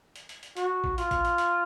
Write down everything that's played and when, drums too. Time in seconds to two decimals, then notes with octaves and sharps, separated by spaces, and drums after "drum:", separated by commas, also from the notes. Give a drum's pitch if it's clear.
0.16 drum: hi-hat
0.29 drum: hi-hat
0.43 drum: hi-hat
0.57 F#4, drum: hi-hat
0.84 drum: kick A1
0.98 F4, drum: hi-hat
1.11 drum: kick A1, hi-hat
1.25 drum: hi-hat
1.38 drum: hi-hat